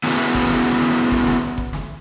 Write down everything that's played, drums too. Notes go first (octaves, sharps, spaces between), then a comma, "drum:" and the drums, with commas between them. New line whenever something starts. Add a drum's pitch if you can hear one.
B3 C#4 E4 F#4 G#4 B4, drum: snare
drum: hi-hat
drum: kick F#1
drum: snare
drum: snare
drum: kick F#1, hi-hat
drum: snare
drum: hi-hat
drum: kick F#1
drum: snare